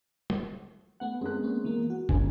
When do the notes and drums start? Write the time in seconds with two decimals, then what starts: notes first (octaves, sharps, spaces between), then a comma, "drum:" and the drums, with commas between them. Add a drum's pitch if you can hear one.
0.30 drum: tom
1.00 A3 B3 F#5
1.21 G#3 B3 C4 F#6
1.43 A#3 C4 C#4
1.65 E3 A#3
1.90 F#4
2.09 G1 G#3 C#4 G#5, drum: kick